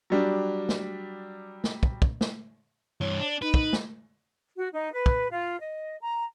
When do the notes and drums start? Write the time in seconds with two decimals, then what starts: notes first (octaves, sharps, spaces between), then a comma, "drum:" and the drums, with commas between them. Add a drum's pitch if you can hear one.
0.10 F#3 G3 D4
0.69 drum: snare
1.64 drum: snare
1.83 drum: kick
2.02 drum: kick
2.21 drum: snare
3.01 G2 E3 C#5
3.20 D4
3.42 D#4 B4
3.54 drum: kick
3.73 drum: snare
4.56 F#4
4.73 D#4
4.92 B4
5.06 drum: kick
5.30 F4
5.60 D#5
6.01 A#5